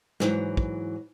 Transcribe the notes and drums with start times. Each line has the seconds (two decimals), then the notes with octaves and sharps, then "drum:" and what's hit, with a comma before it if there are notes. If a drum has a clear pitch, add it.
0.20 G#2 E3 F#3, drum: snare
0.57 drum: kick